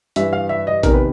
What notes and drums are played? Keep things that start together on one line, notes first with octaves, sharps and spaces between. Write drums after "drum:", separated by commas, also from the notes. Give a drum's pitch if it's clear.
G2 E3 E5, drum: hi-hat
F5
E5
D#5
E2 C3 D#3 A#4, drum: kick A#1, hi-hat
B4